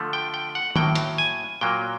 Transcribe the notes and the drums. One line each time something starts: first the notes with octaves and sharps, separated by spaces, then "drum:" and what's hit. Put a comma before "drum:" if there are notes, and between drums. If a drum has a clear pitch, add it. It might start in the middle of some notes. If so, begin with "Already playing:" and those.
Already playing: D3 F3 A3
G5
G5
F#5
A2 F#3 A#3 G5, drum: tom D#3
drum: hi-hat
G#5
A#2 F#3 A#3 G5